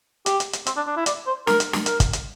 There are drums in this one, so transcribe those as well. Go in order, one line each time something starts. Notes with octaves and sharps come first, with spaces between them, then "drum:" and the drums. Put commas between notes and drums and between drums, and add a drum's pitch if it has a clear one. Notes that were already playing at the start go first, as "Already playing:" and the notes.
G4, drum: hi-hat
drum: hi-hat
drum: hi-hat
C4, drum: hi-hat
D4
D4
E4
D5, drum: hi-hat
C5
A#4, drum: snare
drum: hi-hat
drum: snare
A#4, drum: hi-hat
drum: kick, hi-hat
drum: hi-hat